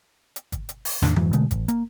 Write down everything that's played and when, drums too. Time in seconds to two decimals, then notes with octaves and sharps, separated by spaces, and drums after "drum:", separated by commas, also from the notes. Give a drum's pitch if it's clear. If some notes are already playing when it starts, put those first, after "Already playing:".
0.36 drum: hi-hat
0.52 drum: kick, hi-hat
0.69 drum: hi-hat
0.85 drum: open hi-hat
1.02 E2 A2 D#3 D4, drum: snare
1.16 F2 G#2 E3 F#3, drum: tom D3
1.33 B2 D3 G#3 A3, drum: hi-hat
1.51 A1, drum: kick, hi-hat
1.68 A#3, drum: hi-hat